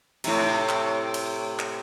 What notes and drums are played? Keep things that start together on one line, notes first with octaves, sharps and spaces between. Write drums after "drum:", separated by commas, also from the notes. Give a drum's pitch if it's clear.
A2 C3, drum: cymbal
drum: clap
drum: cymbal
drum: clap